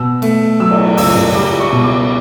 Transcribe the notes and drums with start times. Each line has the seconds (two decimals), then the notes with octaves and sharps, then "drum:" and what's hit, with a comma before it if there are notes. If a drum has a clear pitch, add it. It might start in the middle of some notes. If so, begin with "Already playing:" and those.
Already playing: B2 E6
0.22 A3, drum: cymbal
0.60 F#3 E6
0.71 drum: cymbal
0.97 C#2 E6, drum: open hi-hat
1.15 drum: tom
1.35 G3 D6
1.60 C#6
1.72 B2
1.84 D6